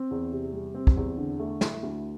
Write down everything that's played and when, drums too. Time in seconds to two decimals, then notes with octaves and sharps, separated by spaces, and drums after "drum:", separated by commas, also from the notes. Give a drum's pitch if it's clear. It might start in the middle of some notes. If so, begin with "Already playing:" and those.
Already playing: C4
0.11 E2
0.32 C3
0.53 G3
0.75 C4
0.87 drum: kick
0.96 E2
1.18 D3
1.40 A3
1.61 E4, drum: snare
1.83 D2